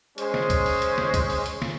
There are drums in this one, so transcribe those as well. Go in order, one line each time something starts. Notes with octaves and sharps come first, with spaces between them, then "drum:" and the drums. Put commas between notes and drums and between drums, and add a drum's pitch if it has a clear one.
G#3 C#4 C5, drum: hi-hat
drum: snare
drum: kick, hi-hat
drum: open hi-hat
drum: hi-hat
drum: snare
drum: kick, hi-hat
drum: open hi-hat
drum: hi-hat
drum: snare